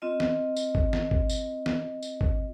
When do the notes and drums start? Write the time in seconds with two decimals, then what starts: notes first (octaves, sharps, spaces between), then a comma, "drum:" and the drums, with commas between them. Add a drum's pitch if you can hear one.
0.02 C4 F4 D#5
0.20 drum: snare
0.57 drum: tambourine
0.75 drum: kick G1
0.93 drum: snare
1.11 drum: kick G1
1.30 drum: tambourine
1.66 drum: snare
2.03 drum: tambourine
2.21 drum: kick G1